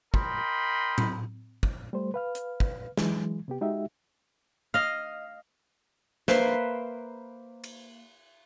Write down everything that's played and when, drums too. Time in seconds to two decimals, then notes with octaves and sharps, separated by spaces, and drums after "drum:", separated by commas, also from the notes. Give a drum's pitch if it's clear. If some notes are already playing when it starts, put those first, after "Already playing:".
0.14 A#4 D#5 G5 B5 C6, drum: kick
0.98 drum: tom
1.63 drum: kick
1.93 G3 A3 C5
2.14 B4 F5 F6
2.35 drum: hi-hat
2.60 drum: kick
2.97 E3 F#3 G#3, drum: snare
3.48 C3 B3 G4
3.61 G#3 D#4 F#4 G4 E5
4.74 D#5 F5
6.28 A#3 B4 C5 E5, drum: snare
7.64 drum: cymbal